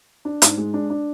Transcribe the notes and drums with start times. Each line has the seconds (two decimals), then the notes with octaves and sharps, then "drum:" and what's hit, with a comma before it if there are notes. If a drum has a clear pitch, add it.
0.25 D4
0.42 G#2, drum: hi-hat
0.58 G#3
0.74 D4
0.90 D4